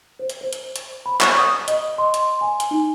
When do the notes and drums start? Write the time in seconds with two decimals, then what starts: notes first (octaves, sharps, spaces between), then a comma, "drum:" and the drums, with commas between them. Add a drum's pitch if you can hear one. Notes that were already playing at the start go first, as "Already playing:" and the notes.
0.19 C5
0.30 drum: hi-hat
0.41 C5
0.53 drum: hi-hat
0.76 drum: hi-hat
1.06 B5
1.21 C#6, drum: clap
1.38 D#6
1.68 D#5, drum: hi-hat
1.98 C6
2.14 drum: hi-hat
2.41 G#5
2.60 drum: hi-hat
2.71 D#4